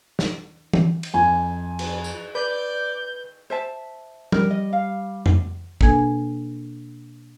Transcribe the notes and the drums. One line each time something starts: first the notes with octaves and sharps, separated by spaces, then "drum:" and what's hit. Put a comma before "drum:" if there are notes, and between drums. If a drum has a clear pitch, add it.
drum: snare
drum: tom E3
drum: cymbal
F2 G#5
drum: cymbal
drum: tambourine
B4 D5 G6
C5 E5 A5
G3 A#4, drum: tom F3
D#5
F5
drum: tom F2
B2 A#3 D4 A4 G#5 G#6, drum: kick